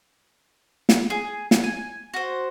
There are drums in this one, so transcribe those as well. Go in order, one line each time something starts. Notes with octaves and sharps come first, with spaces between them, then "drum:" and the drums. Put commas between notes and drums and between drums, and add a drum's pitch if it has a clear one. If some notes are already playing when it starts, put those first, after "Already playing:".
drum: snare
G#4
drum: snare
G#5
F#4 C5